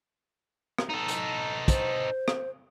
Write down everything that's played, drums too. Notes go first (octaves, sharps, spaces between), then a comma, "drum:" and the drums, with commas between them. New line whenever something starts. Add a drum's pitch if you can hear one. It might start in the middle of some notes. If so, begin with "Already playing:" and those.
drum: rim click
D#4 A4
drum: hi-hat
C5, drum: kick, hi-hat
drum: rim click